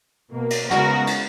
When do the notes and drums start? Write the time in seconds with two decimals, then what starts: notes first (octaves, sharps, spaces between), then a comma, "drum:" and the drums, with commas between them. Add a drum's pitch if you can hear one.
0.32 B2 A#3
0.50 drum: cymbal
0.71 C#3 G#3 B3 F#4 A#4, drum: snare
1.07 drum: cymbal